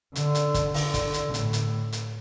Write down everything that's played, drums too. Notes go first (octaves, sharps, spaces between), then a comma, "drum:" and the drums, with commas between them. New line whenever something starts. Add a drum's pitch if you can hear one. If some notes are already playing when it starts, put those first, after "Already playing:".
D3, drum: hi-hat
drum: hi-hat
drum: kick, hi-hat
D3, drum: open hi-hat
drum: kick, hi-hat
drum: hi-hat
A2, drum: hi-hat
drum: hi-hat
drum: hi-hat